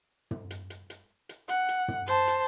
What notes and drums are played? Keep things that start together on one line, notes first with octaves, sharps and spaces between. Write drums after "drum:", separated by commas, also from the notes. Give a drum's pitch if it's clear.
drum: tom
drum: hi-hat
drum: hi-hat
drum: hi-hat
drum: hi-hat
F#5, drum: hi-hat
drum: hi-hat
drum: tom
C5 A5, drum: hi-hat
drum: hi-hat